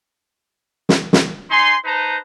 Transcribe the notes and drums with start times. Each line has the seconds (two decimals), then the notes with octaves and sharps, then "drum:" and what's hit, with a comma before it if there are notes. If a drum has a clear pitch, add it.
0.89 drum: snare
1.13 drum: snare
1.50 D#4 G#5 C6
1.85 D#4 B4 C5 A5 A#5